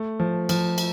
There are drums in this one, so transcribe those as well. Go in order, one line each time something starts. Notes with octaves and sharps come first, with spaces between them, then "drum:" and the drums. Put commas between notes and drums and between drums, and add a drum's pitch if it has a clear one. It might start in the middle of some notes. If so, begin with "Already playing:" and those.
Already playing: A3
F3
F3, drum: cymbal
drum: cymbal